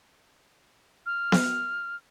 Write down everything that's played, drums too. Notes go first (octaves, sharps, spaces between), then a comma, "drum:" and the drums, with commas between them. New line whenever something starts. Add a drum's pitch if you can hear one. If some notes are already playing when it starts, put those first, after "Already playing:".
F6
drum: snare B3